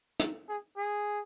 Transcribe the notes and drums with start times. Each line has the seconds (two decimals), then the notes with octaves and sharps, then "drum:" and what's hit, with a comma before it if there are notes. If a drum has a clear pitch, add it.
0.20 drum: hi-hat
0.48 G#4
0.77 G#4